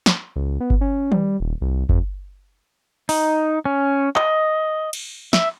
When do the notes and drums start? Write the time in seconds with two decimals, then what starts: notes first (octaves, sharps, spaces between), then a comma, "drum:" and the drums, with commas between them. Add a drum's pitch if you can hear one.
0.06 drum: snare
0.36 C#2
0.60 B3
0.70 drum: kick G1
0.81 C#4
1.12 G3, drum: tom D#3
1.40 D#1
1.61 C2
1.89 F2, drum: kick G1
3.09 D#4, drum: open hi-hat
3.65 C#4
4.16 D#5, drum: clap
4.93 drum: cymbal
5.33 E5, drum: snare